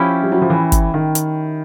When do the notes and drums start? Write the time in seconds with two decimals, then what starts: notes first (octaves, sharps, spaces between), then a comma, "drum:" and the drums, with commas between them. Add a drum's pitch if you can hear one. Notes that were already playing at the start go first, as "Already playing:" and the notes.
Already playing: F3 C#4 E4 G4
0.23 G3
0.32 F#3
0.42 F3
0.50 E3
0.72 drum: kick, hi-hat
0.94 D#3
1.15 drum: hi-hat